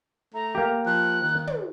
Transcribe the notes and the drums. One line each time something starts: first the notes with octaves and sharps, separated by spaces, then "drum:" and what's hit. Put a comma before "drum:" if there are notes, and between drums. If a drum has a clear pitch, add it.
A3 A#5
A#3 G4
F3 F#6
D#3
drum: tom